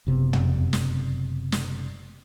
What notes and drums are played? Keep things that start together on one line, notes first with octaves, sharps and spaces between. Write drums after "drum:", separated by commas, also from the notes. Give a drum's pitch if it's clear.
F#1 C3 B3
drum: tom
drum: snare
drum: snare